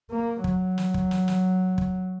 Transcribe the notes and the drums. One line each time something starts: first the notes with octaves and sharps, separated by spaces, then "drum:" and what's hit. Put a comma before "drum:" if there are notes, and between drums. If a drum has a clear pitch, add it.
A#3
F#3, drum: kick
drum: snare
drum: kick
drum: snare
drum: snare
drum: kick